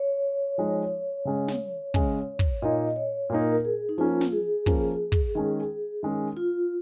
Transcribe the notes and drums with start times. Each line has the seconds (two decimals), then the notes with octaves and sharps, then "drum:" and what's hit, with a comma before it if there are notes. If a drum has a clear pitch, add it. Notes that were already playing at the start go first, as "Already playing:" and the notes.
Already playing: C#5
0.58 F3 G#3 D#4
1.25 C#3 G#3 C#4
1.48 drum: snare
1.94 C#3 G#3 C#4, drum: kick
2.39 drum: kick
2.62 A#2 A#3 D#4 D#5
2.96 C#5
3.30 A#2 A#3 D#4 A#4
3.52 A#4
3.65 G#4
3.89 D#4
3.98 F3 A#3 C#4 F4
4.21 drum: snare
4.32 G#4
4.66 F3 A#3 C#4, drum: kick
5.12 drum: kick
5.34 D#3 G#3 C#4 G#4
6.03 D#3 G#3 C#4
6.37 F4